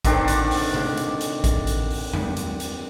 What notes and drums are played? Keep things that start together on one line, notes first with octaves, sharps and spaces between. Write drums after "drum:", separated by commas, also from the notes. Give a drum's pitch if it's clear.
D3 D#3 C4 D4, drum: kick A1, hi-hat
drum: hi-hat
drum: open hi-hat
drum: tom C3
drum: hi-hat
drum: hi-hat
drum: kick A1, hi-hat
drum: hi-hat
drum: open hi-hat
drum: tom E2
drum: hi-hat
drum: hi-hat